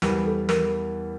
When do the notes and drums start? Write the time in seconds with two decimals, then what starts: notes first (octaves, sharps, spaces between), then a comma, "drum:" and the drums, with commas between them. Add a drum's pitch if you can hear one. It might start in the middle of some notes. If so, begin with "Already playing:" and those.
0.02 E2 E3 G3 A#4, drum: snare
0.26 A4
0.49 A#4, drum: snare